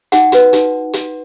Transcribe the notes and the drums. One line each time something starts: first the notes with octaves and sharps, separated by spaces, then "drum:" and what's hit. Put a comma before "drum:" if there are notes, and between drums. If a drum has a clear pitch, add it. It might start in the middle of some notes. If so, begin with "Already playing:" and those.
D#4 F#5, drum: hi-hat
F#4 B4, drum: hi-hat
D#4, drum: hi-hat
drum: hi-hat